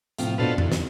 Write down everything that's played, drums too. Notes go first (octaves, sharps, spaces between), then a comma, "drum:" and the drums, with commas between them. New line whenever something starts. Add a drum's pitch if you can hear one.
A2 C3 F3, drum: hi-hat
G2 B2 B3 F4 A4 C5
E2, drum: tom F2
drum: snare